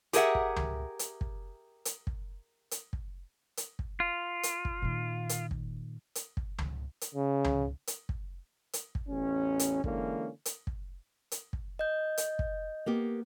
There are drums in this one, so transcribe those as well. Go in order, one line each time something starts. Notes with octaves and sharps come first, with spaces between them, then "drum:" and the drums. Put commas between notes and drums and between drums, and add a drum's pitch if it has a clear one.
G4 G#4 A#4 B4 E5 F#5, drum: hi-hat
drum: kick
drum: tom C#2
drum: hi-hat
drum: kick
drum: hi-hat
drum: kick
drum: hi-hat
drum: kick
drum: hi-hat
drum: kick
F4
drum: hi-hat
drum: kick
A#2 D#3
drum: hi-hat
drum: kick
drum: hi-hat
drum: kick
drum: tom C#2
drum: hi-hat
C#3
drum: tom C#2
drum: hi-hat
drum: kick
drum: hi-hat
drum: kick
A1 E2 C#4
drum: hi-hat
D3 E3 G#3 A#3 C#4, drum: kick
drum: hi-hat
drum: kick
drum: hi-hat
drum: kick
D#5 G6
drum: hi-hat
drum: kick
A#3 B3 G4